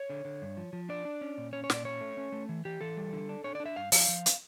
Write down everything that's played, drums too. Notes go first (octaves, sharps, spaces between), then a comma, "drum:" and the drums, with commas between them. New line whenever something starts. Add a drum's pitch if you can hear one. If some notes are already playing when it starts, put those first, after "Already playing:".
Already playing: C#5
D3
D3
G2
F3
F3
D4 D5
D4
C#4
A#2
C#4 C#5
C#5
A#2 D5, drum: snare
C#4 C#5
A3
C#4
A3
E3
E3 G4
E3 A4
G3
D3
D4
D4 C#5
D4 D5
E5
G2 F5
F3 F5, drum: open hi-hat
F3
drum: hi-hat